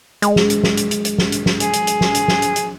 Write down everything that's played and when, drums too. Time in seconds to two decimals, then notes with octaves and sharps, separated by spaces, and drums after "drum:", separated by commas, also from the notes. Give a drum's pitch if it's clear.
0.22 G#3, drum: hi-hat
0.36 drum: snare
0.50 drum: hi-hat
0.64 drum: snare
0.77 drum: hi-hat
0.91 drum: hi-hat
1.05 drum: hi-hat
1.18 drum: snare
1.32 drum: hi-hat
1.46 drum: snare
1.60 G#4, drum: hi-hat
1.73 drum: hi-hat
1.87 drum: hi-hat
2.01 drum: snare
2.15 drum: hi-hat
2.28 drum: snare
2.42 drum: hi-hat
2.56 drum: hi-hat